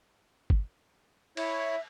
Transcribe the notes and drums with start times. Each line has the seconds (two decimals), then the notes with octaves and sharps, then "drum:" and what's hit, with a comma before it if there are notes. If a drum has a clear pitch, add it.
0.50 drum: kick G1
1.37 E4 C#5 E5, drum: cymbal